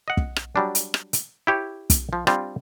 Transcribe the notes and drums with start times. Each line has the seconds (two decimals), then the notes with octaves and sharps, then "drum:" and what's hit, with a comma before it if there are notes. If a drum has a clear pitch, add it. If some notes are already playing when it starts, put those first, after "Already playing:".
0.08 D#5 F#5
0.17 drum: kick
0.36 drum: rim click
0.56 F#3 G3 D4
0.75 drum: hi-hat
0.94 drum: rim click
1.13 drum: hi-hat
1.47 E4 G4 C#5
1.90 drum: kick, hi-hat
2.13 F3
2.27 G3 C4 D4 F4, drum: rim click